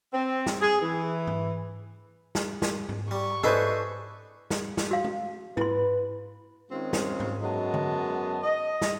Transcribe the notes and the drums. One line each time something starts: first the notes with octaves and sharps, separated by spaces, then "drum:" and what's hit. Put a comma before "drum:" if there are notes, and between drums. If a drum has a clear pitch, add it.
C4
drum: snare
G#4
E3
drum: tom G#2
drum: snare
drum: snare
drum: tom G#2
G3 C#6
D4 E4 G#4 A4 B4 C5 D#5, drum: tom G#2
drum: snare
drum: snare
F#4 F5
drum: tom G#3
E4 B4 C6, drum: tom G#2
D#3 G#3 C4 C#4 F4
drum: snare
drum: tom G#2
F#2 F#3 G#3 B3 D#5 A5
drum: tom D3
D#5
drum: snare